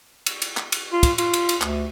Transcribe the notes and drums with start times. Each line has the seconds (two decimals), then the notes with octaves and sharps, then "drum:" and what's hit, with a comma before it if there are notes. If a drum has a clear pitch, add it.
0.26 drum: cymbal
0.42 drum: cymbal
0.57 drum: clap
0.72 drum: cymbal
0.92 F4
1.03 drum: kick, cymbal
1.18 F4, drum: cymbal
1.34 drum: cymbal
1.49 drum: cymbal
1.62 D2, drum: clap